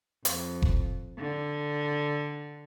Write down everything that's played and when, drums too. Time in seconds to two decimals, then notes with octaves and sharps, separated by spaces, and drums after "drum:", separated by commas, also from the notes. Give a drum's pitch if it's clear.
0.25 F2, drum: hi-hat
0.62 drum: kick F1
1.18 D3